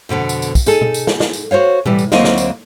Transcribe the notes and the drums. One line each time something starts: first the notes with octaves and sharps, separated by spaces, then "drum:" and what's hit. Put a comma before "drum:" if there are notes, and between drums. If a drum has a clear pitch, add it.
F2 B2 D3 B3
drum: tambourine
drum: tambourine
drum: kick, tambourine
D#4 G#4 A4, drum: tambourine
drum: tom
drum: tambourine
drum: snare
drum: snare
drum: tambourine
F#4 C5 C#5 F5
A2 E3 G3, drum: tom
drum: tambourine
D2 F#3 A#3 C4 D#5 F5, drum: snare
drum: snare
drum: tambourine